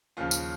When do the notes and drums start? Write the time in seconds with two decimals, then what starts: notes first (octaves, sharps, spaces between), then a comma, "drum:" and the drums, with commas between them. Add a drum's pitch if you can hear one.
0.17 D#2 C#3 F3 F4
0.31 drum: tambourine